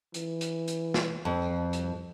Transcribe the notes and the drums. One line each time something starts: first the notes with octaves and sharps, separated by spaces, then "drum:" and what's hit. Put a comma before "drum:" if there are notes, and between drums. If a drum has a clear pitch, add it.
E3, drum: hi-hat
drum: hi-hat
drum: hi-hat
drum: snare
F2
C2, drum: hi-hat